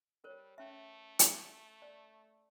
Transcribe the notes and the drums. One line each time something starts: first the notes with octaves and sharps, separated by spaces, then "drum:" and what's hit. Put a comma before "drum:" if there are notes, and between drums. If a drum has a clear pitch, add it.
G3 A#4 C5 C#5
A3 C#4 E5
drum: hi-hat
D5